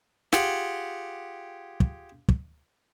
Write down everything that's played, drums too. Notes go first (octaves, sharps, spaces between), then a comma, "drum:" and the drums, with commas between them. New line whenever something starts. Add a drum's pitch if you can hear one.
F4 G4 G#4 F#5, drum: snare
drum: kick
drum: kick